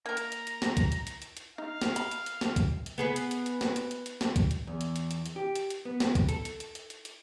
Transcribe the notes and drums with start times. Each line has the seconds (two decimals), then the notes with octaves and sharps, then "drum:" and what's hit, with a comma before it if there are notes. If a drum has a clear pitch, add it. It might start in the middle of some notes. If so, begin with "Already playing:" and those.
0.06 A#3 A#4 A#5
0.17 drum: hi-hat
0.32 drum: hi-hat
0.47 drum: hi-hat
0.62 drum: snare
0.77 drum: kick, hi-hat
0.92 drum: hi-hat
1.07 drum: hi-hat
1.22 drum: hi-hat
1.37 drum: hi-hat
1.58 D#4 F5
1.81 drum: snare
1.96 B5, drum: hi-hat
2.11 drum: hi-hat
2.26 drum: hi-hat
2.41 drum: snare
2.56 drum: kick, hi-hat
2.86 drum: hi-hat
2.98 B3 G#4 B4
3.16 drum: hi-hat
3.31 drum: hi-hat
3.46 drum: hi-hat
3.61 drum: snare
3.76 drum: hi-hat
3.91 drum: hi-hat
4.06 drum: hi-hat
4.21 drum: snare
4.36 drum: kick, hi-hat
4.51 drum: hi-hat
4.67 E2
4.81 drum: hi-hat
4.96 drum: hi-hat
5.11 drum: hi-hat
5.26 drum: hi-hat
5.36 G4
5.55 drum: hi-hat
5.70 drum: hi-hat
5.85 B3
6.00 drum: snare
6.15 drum: kick, hi-hat
6.29 A4, drum: hi-hat
6.45 drum: hi-hat
6.60 drum: hi-hat
6.75 drum: hi-hat
6.90 drum: hi-hat
7.05 drum: hi-hat